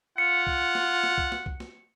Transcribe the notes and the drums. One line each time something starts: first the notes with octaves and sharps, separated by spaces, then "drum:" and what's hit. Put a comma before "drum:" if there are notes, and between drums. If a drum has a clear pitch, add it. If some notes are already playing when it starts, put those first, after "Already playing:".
F4 F#5 C#7
drum: kick C2
drum: snare
drum: snare
drum: kick C2
drum: snare
drum: kick C2
drum: snare